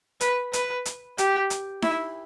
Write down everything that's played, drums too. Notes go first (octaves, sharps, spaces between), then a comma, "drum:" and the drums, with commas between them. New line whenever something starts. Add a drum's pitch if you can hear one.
B4, drum: hi-hat
B4, drum: hi-hat
drum: hi-hat
G4, drum: hi-hat
drum: hi-hat
E4, drum: snare D#4